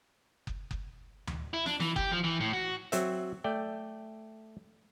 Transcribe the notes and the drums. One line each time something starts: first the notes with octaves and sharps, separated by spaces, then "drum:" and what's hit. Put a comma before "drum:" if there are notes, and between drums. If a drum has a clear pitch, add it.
drum: kick F#1
drum: kick F#1
drum: tom D2
E4
D4, drum: snare
E3, drum: snare
G4, drum: kick F#1
F3
E3
A2
F#4
F#3 C4 E5, drum: hi-hat
A3 D5 G5